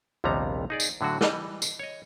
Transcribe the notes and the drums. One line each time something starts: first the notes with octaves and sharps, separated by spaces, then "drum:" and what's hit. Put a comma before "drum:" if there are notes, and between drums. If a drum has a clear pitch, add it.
A#1 D#2 C3 G3 B3 A#5
D#4 G#4 D5
drum: tambourine
A2 D3 F#3 F#4
E3 G3 D#5, drum: snare
drum: tambourine
C#5 D#5